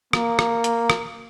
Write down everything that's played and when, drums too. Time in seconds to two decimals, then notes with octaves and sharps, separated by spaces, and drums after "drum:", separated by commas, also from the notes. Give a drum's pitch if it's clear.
0.13 A#3, drum: rim click
0.39 drum: rim click
0.64 drum: hi-hat
0.90 drum: rim click